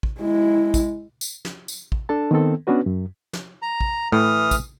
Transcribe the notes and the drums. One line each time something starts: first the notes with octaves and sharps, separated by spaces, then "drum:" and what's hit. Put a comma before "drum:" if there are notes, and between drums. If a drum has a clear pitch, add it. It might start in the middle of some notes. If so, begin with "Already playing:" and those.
drum: kick
G#3 E4
drum: kick, tambourine
drum: tambourine
drum: snare
drum: tambourine
drum: kick
D4 A4 A5
D#3 B3 C4 A4
B3 C#4 D4 F#4 B4
F#2
drum: snare
A#5
drum: kick
A2 E3 D#6 F6
drum: kick, tambourine